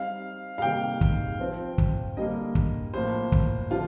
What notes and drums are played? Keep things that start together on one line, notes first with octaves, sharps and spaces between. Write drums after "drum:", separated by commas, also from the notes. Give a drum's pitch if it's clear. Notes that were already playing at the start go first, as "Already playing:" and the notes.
Already playing: G3 C4 D#4 F5
F5
C3 D#3 G3 A#3 D#4 G5
drum: kick
F3 C4 F4
drum: kick
D3 G3 A#3 D#5
drum: kick
A2 F3 A#3 C5
drum: kick
D3 F3 F4